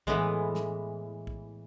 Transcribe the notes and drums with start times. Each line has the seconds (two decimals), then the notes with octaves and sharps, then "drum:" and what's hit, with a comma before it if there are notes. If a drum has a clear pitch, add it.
0.07 A2 E3 G#3 B3, drum: kick A#1
0.55 drum: snare
1.27 drum: kick A#1